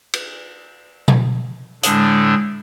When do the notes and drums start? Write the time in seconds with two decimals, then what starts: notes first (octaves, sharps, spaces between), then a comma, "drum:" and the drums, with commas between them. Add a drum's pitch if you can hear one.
0.14 drum: cymbal
1.08 drum: tom B2
1.83 A2 D3 G#3 D4 D#6, drum: hi-hat